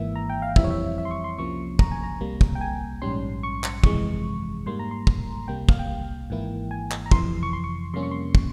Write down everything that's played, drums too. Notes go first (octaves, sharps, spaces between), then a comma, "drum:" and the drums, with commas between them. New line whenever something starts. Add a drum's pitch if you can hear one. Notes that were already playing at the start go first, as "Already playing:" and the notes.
Already playing: G#1 G#2 E3 A#3 E4 E5
A#5
G5
F5
F2 E3 G3 C4 E4 E5, drum: kick
C#5
E5
E5
C6
C#6
C6
C2 C3 F3 A#3 C#4 C#6
A#5, drum: kick
G#5
A#5
C2 C3 G3 A#3
drum: kick
G5
G#5
A#1 G#2 G3 C#4 C6
C#6
drum: clap
G1 F2 C3 E3 G#3 C#6, drum: kick
G#2 G3 A#3 C6
A#5
C6
drum: kick
C2 C3 G3 A#3 G5
F5, drum: kick
G5
G#1 G#2 E3 A#3 E4
G#5
drum: clap
A#5
F2 C3 E3 C6, drum: kick
C#6
C6
C#6
F2 C3 G3 A#3 C#4 C6
C#6
C6
drum: kick